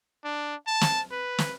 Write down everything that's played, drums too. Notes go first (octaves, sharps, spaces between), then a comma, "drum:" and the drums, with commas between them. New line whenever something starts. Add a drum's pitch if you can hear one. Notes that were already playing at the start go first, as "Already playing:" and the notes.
D4
A5
drum: snare
B4
drum: snare